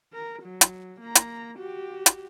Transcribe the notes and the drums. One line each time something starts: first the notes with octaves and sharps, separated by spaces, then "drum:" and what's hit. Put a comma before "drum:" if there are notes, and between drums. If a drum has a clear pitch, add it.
A#4
F#3
drum: hi-hat
A#3 A#5
drum: hi-hat
F#4 G4
drum: hi-hat